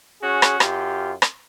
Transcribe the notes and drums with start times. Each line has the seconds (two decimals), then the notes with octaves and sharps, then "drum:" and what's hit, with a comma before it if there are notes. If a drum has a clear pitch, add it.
0.22 C#4 F#4 G#4
0.42 drum: rim click
0.60 F#2 F4 G4, drum: rim click
1.22 drum: rim click